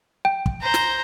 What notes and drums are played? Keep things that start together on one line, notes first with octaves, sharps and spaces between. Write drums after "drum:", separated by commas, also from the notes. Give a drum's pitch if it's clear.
G5
drum: kick
C5 A#5
drum: snare